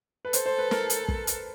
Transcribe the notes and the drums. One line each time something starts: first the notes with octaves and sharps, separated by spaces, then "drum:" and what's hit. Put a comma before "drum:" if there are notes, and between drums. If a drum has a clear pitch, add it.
B4
A4 C5, drum: hi-hat
C5
B4
A#4, drum: snare
drum: hi-hat
drum: kick
drum: hi-hat